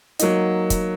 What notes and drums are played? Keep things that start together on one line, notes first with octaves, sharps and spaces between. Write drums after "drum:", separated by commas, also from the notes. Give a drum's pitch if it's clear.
F#3 A#3 D#4, drum: hi-hat
drum: kick, hi-hat